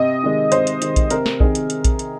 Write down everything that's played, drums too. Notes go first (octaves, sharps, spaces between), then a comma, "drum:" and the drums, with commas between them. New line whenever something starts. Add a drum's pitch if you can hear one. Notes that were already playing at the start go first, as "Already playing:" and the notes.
Already playing: C3 D#5
D#3 G#3
C3 C5, drum: hi-hat
drum: hi-hat
D#3 G#3, drum: hi-hat
drum: kick A#1, hi-hat
C3 A#4, drum: hi-hat
drum: snare
D#3 C4 D#4 G#4, drum: kick A#1
drum: hi-hat
drum: hi-hat
drum: kick A#1, hi-hat
drum: hi-hat